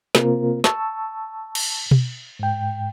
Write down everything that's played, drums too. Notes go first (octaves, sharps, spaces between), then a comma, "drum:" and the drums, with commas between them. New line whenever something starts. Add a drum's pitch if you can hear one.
C3 A#3 C4 F4 A#4, drum: snare
A5 C#6 E6, drum: snare
drum: cymbal
drum: tom B2
G#2 G5